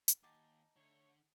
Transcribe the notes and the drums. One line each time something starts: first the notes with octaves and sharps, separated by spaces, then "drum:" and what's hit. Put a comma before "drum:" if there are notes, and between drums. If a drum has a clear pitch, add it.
drum: hi-hat
D#2 D#4 F#5 G#5 A5 D6
D3 A3 C#5